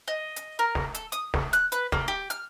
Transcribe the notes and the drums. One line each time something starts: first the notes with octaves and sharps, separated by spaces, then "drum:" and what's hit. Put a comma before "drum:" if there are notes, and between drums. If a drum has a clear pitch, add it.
D#5
drum: hi-hat
A#4
drum: snare
A4, drum: hi-hat
D#6, drum: hi-hat
drum: snare
F#6, drum: hi-hat
B4, drum: hi-hat
A#3, drum: snare
G4
F6, drum: hi-hat